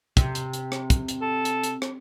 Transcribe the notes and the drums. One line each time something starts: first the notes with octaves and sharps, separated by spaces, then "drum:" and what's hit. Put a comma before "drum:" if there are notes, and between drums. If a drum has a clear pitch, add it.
C3, drum: kick, hi-hat
drum: hi-hat
drum: hi-hat
drum: rim click
drum: kick, hi-hat
drum: hi-hat
A4
drum: hi-hat
drum: hi-hat
drum: rim click